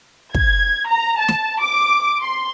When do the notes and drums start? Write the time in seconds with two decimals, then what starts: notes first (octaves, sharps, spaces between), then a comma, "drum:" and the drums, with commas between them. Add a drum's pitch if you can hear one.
0.34 G#6, drum: kick
0.88 A#5
1.18 A5
1.28 drum: snare
1.62 D6
2.22 C6